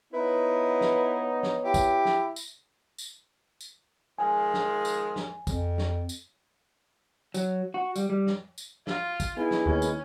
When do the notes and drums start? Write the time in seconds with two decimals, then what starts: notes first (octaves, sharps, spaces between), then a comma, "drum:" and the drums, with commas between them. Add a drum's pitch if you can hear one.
0.13 B3 D#4 E4 B4 C#5
0.81 drum: snare
1.43 drum: snare
1.65 E4 G4
1.74 drum: kick, tambourine
2.05 drum: snare
2.36 drum: tambourine
2.98 drum: tambourine
3.61 drum: tambourine
4.19 D#3 F3 G#3 G#5
4.54 drum: snare
4.85 drum: tambourine
5.16 drum: snare
5.47 F2, drum: kick, tambourine
5.78 drum: snare
6.09 drum: tambourine
7.34 F#3, drum: tambourine
7.74 F#4
7.96 G3, drum: tambourine
8.10 G3
8.27 drum: snare
8.58 drum: tambourine
8.87 F4, drum: snare
9.20 drum: kick, tambourine
9.37 B3 D#4 E4 G#4
9.51 drum: snare
9.66 D#2 C#4
9.82 drum: tambourine